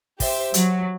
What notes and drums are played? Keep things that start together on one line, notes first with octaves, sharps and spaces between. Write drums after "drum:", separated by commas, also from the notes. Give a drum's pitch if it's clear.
G4 C5 E5, drum: kick, open hi-hat
F#3, drum: hi-hat